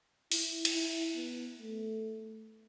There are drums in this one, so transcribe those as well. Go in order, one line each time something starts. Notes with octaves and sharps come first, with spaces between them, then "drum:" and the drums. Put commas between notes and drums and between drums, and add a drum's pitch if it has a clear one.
E4, drum: open hi-hat
drum: cymbal
E4
B3
A3